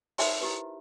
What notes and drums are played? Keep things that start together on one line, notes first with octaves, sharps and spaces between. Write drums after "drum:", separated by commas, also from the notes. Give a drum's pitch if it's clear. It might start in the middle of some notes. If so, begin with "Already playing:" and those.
D#4 A#4 C5 E5 B5 C6, drum: open hi-hat
E4 G4 B4